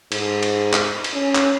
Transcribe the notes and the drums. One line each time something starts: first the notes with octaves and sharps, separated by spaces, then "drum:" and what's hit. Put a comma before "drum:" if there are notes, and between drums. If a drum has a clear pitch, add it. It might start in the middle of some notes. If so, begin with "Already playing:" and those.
G#2, drum: cymbal
drum: cymbal
drum: clap
drum: cymbal
C#4
drum: clap